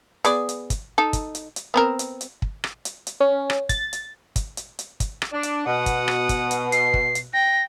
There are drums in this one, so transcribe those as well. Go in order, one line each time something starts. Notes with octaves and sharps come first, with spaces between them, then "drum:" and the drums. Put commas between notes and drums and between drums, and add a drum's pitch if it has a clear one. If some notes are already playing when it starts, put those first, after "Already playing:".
B3 G#4 D5, drum: hi-hat
drum: hi-hat
drum: kick, hi-hat
D#4 A4
drum: kick, hi-hat
drum: hi-hat
drum: hi-hat
B3 C4 A#4
drum: hi-hat
drum: hi-hat
drum: kick
drum: rim click
drum: hi-hat
drum: hi-hat
C#4
drum: rim click
A6, drum: kick, hi-hat
drum: hi-hat
drum: kick, hi-hat
drum: hi-hat
drum: hi-hat
drum: kick, hi-hat
drum: rim click
D4
drum: hi-hat
B2 F#5 D#6
drum: kick, hi-hat
drum: rim click
drum: kick, hi-hat
drum: hi-hat
C7, drum: hi-hat
drum: kick
drum: hi-hat
G5 A#6